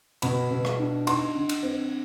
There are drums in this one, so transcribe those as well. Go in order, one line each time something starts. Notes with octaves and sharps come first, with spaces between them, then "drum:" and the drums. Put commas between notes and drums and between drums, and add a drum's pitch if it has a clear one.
B2 B5, drum: cymbal
B2
drum: rim click
D4
D#4 C6, drum: cymbal
D3
drum: cymbal
C4